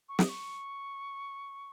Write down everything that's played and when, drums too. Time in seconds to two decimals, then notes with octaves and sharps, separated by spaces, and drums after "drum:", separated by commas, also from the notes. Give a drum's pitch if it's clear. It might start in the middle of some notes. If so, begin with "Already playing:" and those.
0.09 C#6
0.19 D#6, drum: snare
0.29 C#6